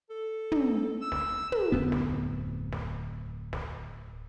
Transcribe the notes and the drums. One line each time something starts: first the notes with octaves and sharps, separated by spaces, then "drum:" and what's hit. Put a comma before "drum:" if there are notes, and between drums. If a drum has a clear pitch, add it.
A4
drum: tom
E6
drum: snare
drum: tom
D1 F2 B3
drum: snare
drum: snare
drum: snare